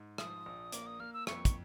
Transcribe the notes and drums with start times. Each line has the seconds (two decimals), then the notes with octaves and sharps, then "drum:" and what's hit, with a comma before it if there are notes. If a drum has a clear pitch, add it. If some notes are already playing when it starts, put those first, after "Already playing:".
Already playing: G#2
0.18 F3 D#6, drum: rim click
0.46 A#1
0.72 A#3 D6, drum: hi-hat
0.86 D#6
1.00 A#3 F6
1.13 E6
1.27 F2 C#6, drum: rim click
1.45 drum: kick, hi-hat